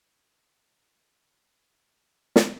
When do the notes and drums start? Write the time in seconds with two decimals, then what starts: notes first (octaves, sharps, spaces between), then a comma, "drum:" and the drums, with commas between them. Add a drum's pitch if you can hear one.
0.05 D5 G5 G#5
2.36 drum: snare